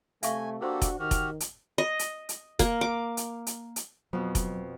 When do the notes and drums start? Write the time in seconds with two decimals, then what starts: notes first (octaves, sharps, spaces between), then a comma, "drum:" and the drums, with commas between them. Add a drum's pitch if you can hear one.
0.23 C3 A3 E5 F5 G#5 C#6, drum: hi-hat
0.61 A#3 D4 F#4 G4 A4 A#4 C5 C6
0.82 drum: kick F1, hi-hat
0.99 D#3 F#4 G4 F6
1.11 drum: kick F1, hi-hat
1.40 drum: hi-hat
1.78 D#5
1.99 drum: hi-hat
2.29 drum: hi-hat
2.59 A#3, drum: kick F1, hi-hat
2.81 D6
3.17 drum: hi-hat
3.47 drum: hi-hat
3.76 drum: hi-hat
4.13 F2 B2 F#3
4.35 drum: kick F1, hi-hat